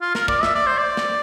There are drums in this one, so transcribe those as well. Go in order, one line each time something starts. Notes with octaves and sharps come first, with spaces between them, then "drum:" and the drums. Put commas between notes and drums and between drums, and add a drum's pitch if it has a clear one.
F4
A#4, drum: snare
D5, drum: kick
E5, drum: snare
D5
C5
D5
drum: snare